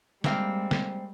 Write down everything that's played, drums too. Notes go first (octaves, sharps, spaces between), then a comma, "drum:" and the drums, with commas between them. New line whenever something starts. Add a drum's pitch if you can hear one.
G3 G#3 A#3 C4 F5, drum: snare
drum: snare